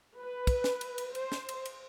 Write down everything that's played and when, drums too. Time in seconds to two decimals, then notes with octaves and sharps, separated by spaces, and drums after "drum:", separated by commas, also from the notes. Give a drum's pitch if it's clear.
0.19 B4
0.47 drum: kick, cymbal
0.64 drum: snare
0.81 drum: cymbal
0.98 drum: cymbal
1.15 C5, drum: cymbal
1.32 drum: snare
1.49 drum: cymbal
1.66 drum: cymbal